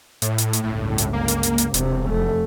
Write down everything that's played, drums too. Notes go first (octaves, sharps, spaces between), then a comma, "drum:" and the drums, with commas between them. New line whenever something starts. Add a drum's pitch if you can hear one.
A2, drum: hi-hat
drum: hi-hat
drum: hi-hat
G1 C#2 A2
drum: hi-hat
A#3
drum: hi-hat
drum: hi-hat
drum: hi-hat
E1 C3, drum: hi-hat
F1 A3